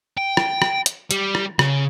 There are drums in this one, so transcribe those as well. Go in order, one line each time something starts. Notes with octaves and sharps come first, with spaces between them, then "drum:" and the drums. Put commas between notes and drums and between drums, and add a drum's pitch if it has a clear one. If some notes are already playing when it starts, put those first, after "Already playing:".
G5
drum: rim click
drum: rim click
drum: hi-hat
G3, drum: hi-hat
drum: rim click
C#3, drum: rim click